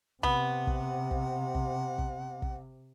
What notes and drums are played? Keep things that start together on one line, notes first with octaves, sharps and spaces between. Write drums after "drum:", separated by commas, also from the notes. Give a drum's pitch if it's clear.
C3 B3 F#5, drum: kick
drum: kick
drum: kick
drum: kick
drum: kick
drum: kick